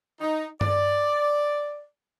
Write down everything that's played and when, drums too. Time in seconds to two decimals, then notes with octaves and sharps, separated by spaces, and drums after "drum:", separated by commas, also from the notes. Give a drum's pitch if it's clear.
0.20 D#4
0.61 D5, drum: tom G2